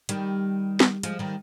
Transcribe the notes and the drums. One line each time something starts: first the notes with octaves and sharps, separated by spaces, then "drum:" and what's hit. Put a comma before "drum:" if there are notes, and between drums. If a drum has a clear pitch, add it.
D#3 G3, drum: hi-hat
drum: snare
F3 G#3, drum: hi-hat
D#3 G3